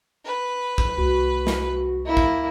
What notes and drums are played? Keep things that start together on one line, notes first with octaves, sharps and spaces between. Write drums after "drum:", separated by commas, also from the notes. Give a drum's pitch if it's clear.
B4
drum: kick
C2 A3 F#4
drum: snare
A#3 E4
drum: kick